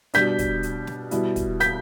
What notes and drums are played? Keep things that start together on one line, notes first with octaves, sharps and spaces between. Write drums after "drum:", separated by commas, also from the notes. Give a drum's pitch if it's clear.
B2 G3 D4 G6 B6, drum: hi-hat
drum: kick, hi-hat
drum: hi-hat
drum: snare
B2 G3 E4, drum: hi-hat
drum: kick, hi-hat
G6 B6, drum: hi-hat